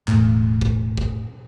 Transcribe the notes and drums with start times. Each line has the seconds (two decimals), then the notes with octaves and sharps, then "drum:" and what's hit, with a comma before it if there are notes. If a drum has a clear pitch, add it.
0.08 E1 A2, drum: clap
0.61 drum: kick
0.97 drum: kick